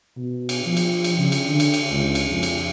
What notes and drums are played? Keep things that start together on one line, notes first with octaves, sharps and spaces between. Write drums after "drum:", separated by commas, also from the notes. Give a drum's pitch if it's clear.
B2
drum: cymbal
F3
drum: cymbal
drum: cymbal
C#3
drum: cymbal
D3
drum: cymbal
drum: cymbal
C#2
drum: cymbal
F2
drum: cymbal